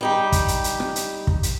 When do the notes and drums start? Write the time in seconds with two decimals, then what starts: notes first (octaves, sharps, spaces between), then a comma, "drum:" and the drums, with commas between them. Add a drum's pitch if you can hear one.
0.01 G3 D#4 G4
0.32 drum: kick, hi-hat
0.48 drum: hi-hat
0.64 drum: hi-hat
0.80 drum: rim click
0.96 drum: hi-hat
1.27 drum: kick
1.43 drum: hi-hat